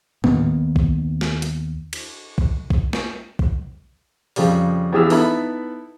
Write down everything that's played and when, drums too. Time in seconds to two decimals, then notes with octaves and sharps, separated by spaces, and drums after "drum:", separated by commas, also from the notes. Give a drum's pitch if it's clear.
0.24 D#2 D#3 A#3 B3, drum: tom A2
0.76 drum: kick
1.21 drum: snare
1.42 drum: hi-hat
1.93 drum: cymbal
2.38 drum: kick
2.70 drum: kick
2.93 drum: snare
3.39 drum: kick
4.36 F2 C#3 F3 G3, drum: open hi-hat
4.93 E2 E4 G4 G#4 E6 F6
5.10 B3 D#4 E4 A4 E5 B5, drum: open hi-hat